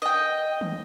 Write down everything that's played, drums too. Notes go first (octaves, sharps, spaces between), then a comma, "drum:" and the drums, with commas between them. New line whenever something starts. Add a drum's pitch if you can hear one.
D#5 G5
drum: tom D#3